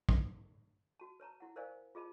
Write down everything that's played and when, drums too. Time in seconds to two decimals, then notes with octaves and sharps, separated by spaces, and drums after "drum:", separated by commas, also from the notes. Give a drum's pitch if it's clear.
0.09 drum: kick
1.00 F#4 A5
1.20 B4 C#5 A5 A#5
1.40 E4 F#5
1.56 A#4 C5 D5 D#5 F5 G#5
1.95 F4 G#4 D#5 A5 B5